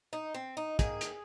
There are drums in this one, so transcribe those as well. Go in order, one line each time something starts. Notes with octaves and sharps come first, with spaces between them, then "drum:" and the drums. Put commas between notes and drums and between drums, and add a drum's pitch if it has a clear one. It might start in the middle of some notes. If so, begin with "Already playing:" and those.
D#4
C4
D#4
D#3 A#3 G#4, drum: kick, hi-hat
drum: hi-hat